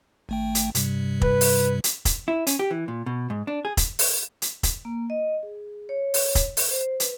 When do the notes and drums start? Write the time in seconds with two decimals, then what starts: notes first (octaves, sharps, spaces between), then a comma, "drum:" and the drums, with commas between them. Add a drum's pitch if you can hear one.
0.29 G#1 A3 G5
0.55 drum: hi-hat
0.75 G2 C3 G3, drum: hi-hat
1.21 B4, drum: kick
1.41 drum: open hi-hat
1.84 drum: hi-hat
2.05 drum: kick, hi-hat
2.28 E4
2.47 C#4, drum: hi-hat
2.59 G4
2.71 E3
2.88 A#2
3.06 B2
3.30 G#2
3.47 D4
3.65 G#4
3.77 drum: kick, hi-hat
3.99 drum: open hi-hat
4.42 drum: hi-hat
4.63 drum: kick, hi-hat
4.85 A#3
5.10 D#5
5.43 G#4
5.89 C#5
6.14 drum: open hi-hat
6.35 drum: kick, hi-hat
6.57 drum: open hi-hat
6.71 C5
7.00 B4, drum: hi-hat